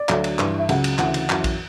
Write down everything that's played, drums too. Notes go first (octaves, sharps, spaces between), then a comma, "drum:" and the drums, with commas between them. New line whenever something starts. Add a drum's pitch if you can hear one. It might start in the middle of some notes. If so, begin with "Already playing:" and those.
Already playing: D5
D2 D3 F#3, drum: clap
drum: cymbal
G2 E3, drum: clap
E5
C#2 C#3 F#3 F#5, drum: cymbal
drum: cymbal
D2 C#3 E3 F#5, drum: clap
drum: cymbal
F#2 E3, drum: clap
drum: kick A#1, cymbal